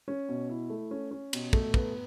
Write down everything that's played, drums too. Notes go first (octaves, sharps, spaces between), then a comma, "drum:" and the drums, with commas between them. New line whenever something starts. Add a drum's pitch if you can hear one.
C#4
B2
E4
A3
C#4
C#4
B2, drum: cymbal
A3, drum: kick
B3, drum: kick